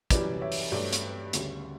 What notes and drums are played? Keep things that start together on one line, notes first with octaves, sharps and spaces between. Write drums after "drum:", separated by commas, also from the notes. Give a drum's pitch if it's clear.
F#2 E3 G3 B4 D5, drum: kick, hi-hat
C#5 E5
drum: open hi-hat
G2 F#3 A3 B4 D5
drum: hi-hat
D2 C#3 G3, drum: hi-hat